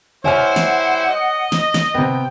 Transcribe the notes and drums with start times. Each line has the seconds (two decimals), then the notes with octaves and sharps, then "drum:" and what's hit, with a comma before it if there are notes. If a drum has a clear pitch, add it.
0.24 G3 E4 C5 C#5 F#5 G#5 F6, drum: tom A#2
0.56 drum: snare
1.09 D#5
1.52 drum: snare
1.74 drum: snare
1.94 C3 B3 G5